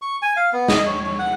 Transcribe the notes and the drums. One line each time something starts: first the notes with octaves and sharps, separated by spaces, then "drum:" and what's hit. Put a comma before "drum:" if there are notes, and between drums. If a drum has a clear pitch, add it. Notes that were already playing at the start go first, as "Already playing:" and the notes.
C#6
G#5
F5
B3
D#5, drum: snare
C#5
C#5
F#5